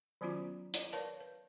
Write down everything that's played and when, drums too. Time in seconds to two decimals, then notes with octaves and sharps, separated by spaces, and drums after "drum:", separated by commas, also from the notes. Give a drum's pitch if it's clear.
0.21 D#3 F#3 B3 C#4 F4 F#4
0.74 drum: hi-hat
0.93 A#4 B4 C#5 D5 F5 A5
1.21 B4